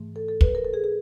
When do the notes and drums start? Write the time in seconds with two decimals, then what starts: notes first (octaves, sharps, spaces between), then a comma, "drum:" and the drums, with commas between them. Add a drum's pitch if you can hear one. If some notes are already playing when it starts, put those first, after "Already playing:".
Already playing: G#2 E3 A3
0.16 A4
0.28 A4
0.41 B4, drum: kick
0.55 A#4
0.65 A4
0.74 G#4
0.84 G#4